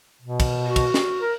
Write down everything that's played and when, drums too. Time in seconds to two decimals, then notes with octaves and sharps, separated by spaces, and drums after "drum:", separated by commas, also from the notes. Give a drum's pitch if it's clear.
0.21 B2
0.40 drum: kick, cymbal
0.66 F#4
0.76 drum: kick, cymbal
0.94 drum: snare
1.21 A#4